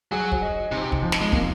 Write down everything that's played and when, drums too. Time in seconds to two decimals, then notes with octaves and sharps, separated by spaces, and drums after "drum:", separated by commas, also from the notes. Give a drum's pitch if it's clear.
0.11 F#3 G#4
0.32 drum: kick
0.42 D#5
0.72 C3 D#4
0.92 drum: kick
1.02 F3
1.12 drum: snare
1.21 G#3
1.32 C3 A#3, drum: kick